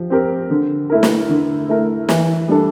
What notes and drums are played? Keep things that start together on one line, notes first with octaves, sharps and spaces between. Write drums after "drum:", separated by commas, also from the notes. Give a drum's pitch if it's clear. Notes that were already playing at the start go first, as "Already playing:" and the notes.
Already playing: F3 G4
C4 G4 A#4
D3
A3 E4 A#4
drum: snare
D3
A3 E4 A#4
E3, drum: snare
G3 D4 A4